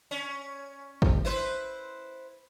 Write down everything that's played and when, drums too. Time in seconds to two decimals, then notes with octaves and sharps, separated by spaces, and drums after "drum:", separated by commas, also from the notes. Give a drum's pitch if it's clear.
0.11 C#4
1.02 drum: kick G#1
1.25 E4 B4 C5